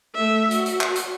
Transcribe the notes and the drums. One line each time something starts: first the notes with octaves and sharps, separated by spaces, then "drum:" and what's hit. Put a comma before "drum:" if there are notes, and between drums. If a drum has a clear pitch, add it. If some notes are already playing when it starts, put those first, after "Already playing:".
A3 E5
F#4, drum: hi-hat
drum: hi-hat
drum: clap
drum: hi-hat